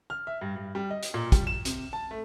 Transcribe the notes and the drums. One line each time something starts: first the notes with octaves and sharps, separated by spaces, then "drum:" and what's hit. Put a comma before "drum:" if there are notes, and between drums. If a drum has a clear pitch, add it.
F6
E5
G2
G2
G3
D#5
drum: hi-hat
A#2
G3, drum: kick, hi-hat
E7
C3, drum: hi-hat
A5
A3